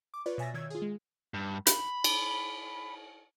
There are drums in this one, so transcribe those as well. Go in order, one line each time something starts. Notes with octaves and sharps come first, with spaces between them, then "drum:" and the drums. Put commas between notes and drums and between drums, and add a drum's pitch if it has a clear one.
D6
F4 B4 C#5 D5
B2 E5 G#5 A6 A#6
D#3 C#5 E6 G#6
F4 G#4
G#3
G2
B5, drum: hi-hat
drum: cymbal